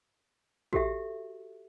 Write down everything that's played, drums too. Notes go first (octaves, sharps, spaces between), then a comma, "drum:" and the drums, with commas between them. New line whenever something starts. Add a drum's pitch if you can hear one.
F#4 G4 A4 E5, drum: kick A1